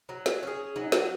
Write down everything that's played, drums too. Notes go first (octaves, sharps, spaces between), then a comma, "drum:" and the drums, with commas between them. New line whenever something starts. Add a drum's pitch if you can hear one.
F#3
drum: snare
C#4 G#4
F#3 D#4
F#4, drum: snare